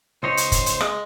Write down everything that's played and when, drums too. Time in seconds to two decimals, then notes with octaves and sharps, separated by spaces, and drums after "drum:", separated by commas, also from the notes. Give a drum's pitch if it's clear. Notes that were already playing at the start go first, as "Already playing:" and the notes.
0.23 C#2 D#4 C5 C#5
0.37 drum: hi-hat
0.52 drum: kick, hi-hat
0.66 drum: hi-hat
0.81 G#3, drum: rim click